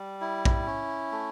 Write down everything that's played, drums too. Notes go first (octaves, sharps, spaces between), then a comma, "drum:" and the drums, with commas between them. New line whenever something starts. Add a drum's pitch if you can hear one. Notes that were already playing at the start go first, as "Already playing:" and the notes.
Already playing: G3
E4
drum: kick A#1
C#4
A3